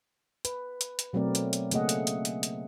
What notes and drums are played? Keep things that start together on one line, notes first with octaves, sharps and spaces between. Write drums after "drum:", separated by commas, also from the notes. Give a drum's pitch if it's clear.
B4, drum: hi-hat
drum: hi-hat
drum: hi-hat
B2 F#3 A3 C4 A#4 D5
drum: hi-hat
drum: hi-hat
C#3 A3 A#3 G#4 D#5 F#5, drum: hi-hat
drum: hi-hat
drum: hi-hat
drum: hi-hat
drum: hi-hat